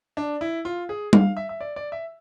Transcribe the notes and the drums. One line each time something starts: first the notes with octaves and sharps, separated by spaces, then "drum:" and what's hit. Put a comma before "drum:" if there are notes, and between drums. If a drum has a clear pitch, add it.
D4
E4
F4
G#4
F5, drum: tom G3
E5
E5
D5
D5
E5